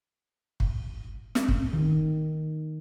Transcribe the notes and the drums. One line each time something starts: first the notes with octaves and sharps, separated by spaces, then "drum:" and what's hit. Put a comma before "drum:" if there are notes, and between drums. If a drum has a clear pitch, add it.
drum: kick
drum: snare
drum: kick
D#3